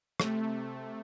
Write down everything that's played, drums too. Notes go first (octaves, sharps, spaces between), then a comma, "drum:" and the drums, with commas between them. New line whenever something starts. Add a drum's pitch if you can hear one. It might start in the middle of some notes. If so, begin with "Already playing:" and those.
C3 A3, drum: rim click